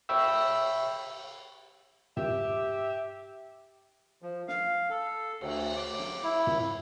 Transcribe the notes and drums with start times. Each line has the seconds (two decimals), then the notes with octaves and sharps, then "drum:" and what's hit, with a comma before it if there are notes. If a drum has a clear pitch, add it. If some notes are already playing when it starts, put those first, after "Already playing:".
0.09 E5 G5 B5 C#6 E6, drum: cymbal
2.17 G4 E5, drum: tom
4.22 F3
4.48 F5, drum: snare
4.90 A4
5.41 D2, drum: cymbal
5.76 D6
5.99 drum: snare
6.24 E4
6.47 drum: tom